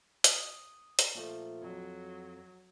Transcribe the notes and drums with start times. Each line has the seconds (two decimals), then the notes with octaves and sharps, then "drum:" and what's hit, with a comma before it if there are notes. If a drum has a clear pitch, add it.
0.24 D#6, drum: hi-hat
0.99 drum: hi-hat
1.15 A#2 F3 A3
1.63 F2 F#3